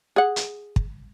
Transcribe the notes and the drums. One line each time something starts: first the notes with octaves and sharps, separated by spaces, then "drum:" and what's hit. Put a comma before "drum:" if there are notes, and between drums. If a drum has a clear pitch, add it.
G#4 F#5
drum: hi-hat
drum: kick